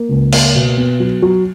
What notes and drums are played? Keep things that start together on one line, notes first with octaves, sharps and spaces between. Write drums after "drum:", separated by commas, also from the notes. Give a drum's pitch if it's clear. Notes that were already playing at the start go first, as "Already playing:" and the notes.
Already playing: A#3
C#2
A#3, drum: cymbal
B2
B3
F#3
F#3